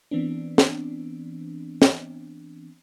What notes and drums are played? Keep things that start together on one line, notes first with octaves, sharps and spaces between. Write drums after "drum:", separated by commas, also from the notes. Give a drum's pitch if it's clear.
E3 B3 C4 D4
drum: snare
drum: snare